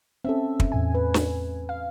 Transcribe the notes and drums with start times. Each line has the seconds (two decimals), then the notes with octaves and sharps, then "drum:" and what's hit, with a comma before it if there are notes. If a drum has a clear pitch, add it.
0.25 C4 C#4 A4 E5
0.60 drum: kick
0.72 E2 A2 G#5
0.95 B4
1.14 drum: snare
1.69 F5